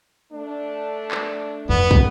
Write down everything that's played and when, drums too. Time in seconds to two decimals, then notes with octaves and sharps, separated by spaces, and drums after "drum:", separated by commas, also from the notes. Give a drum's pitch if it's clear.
0.32 A3 D4
1.11 drum: clap
1.69 F2 B3
1.91 drum: kick